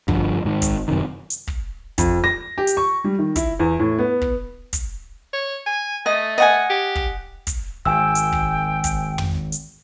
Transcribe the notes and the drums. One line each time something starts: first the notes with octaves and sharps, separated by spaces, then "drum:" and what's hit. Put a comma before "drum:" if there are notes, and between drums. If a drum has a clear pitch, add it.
G2 D3 F3, drum: kick
G#2 D#3
drum: kick, hi-hat
F#2 C3 D#3
drum: hi-hat
drum: kick
F2, drum: kick, hi-hat
A#6
G4
drum: hi-hat
C#6
G3
D#3
E4, drum: kick, hi-hat
E2
A2
B3
drum: kick
drum: kick, hi-hat
C#5
G#5
A3 D#5
D#5 F#5 G#5
G4
drum: kick
drum: kick, hi-hat
G#1 G5 G#5 E6
drum: hi-hat
drum: kick
drum: kick, hi-hat
drum: tom
drum: hi-hat